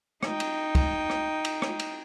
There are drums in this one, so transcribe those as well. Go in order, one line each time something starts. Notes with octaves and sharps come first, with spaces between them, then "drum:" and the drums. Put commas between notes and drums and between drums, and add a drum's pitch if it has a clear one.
D#4 G5, drum: rim click
drum: cymbal
drum: kick, cymbal
drum: rim click
drum: cymbal
drum: rim click
drum: cymbal